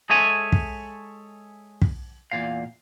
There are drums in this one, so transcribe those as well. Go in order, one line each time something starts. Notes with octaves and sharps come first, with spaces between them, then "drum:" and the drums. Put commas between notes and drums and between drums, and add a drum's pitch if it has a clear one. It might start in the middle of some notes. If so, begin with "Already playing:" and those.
G#3 G#4 A4 C#5 E5 G#5
drum: kick
drum: kick
E2 A#2 F5